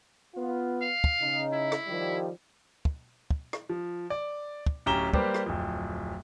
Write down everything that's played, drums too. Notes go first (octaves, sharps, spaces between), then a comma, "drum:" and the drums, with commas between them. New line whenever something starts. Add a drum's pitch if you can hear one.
B3 F4
F5
drum: kick
C#3 D#4
E4
drum: rim click
D#3 F3 G3
drum: kick
drum: kick
drum: rim click
F3
D5
drum: kick
D1 C#4 G4 A#5 E7 G7
G3 A#3 G4 B4 C5, drum: kick
drum: rim click
D1 F2